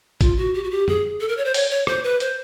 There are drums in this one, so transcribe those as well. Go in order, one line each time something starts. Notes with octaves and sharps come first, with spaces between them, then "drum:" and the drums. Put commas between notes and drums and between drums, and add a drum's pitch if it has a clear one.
F4, drum: kick A1, hi-hat
F#4
G4
F#4
G4
G#4, drum: tom
A4
A#4
C#5
C5
C#5, drum: open hi-hat
C#5
C5, drum: rim click
B4
C5, drum: hi-hat